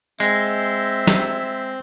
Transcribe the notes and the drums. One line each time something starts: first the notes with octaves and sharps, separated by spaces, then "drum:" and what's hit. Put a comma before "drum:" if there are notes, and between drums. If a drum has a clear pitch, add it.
G#3 C4 E5 G6, drum: hi-hat
drum: snare